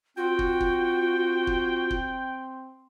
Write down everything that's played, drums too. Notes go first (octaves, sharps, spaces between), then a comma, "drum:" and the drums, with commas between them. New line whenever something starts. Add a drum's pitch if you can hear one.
C4 F4 F#4 G5
drum: kick
drum: kick
drum: kick
drum: kick